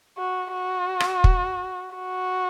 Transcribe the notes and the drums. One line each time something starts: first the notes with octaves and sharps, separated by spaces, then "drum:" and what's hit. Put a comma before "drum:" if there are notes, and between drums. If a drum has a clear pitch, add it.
F#4
F#4
drum: rim click
drum: kick
F#4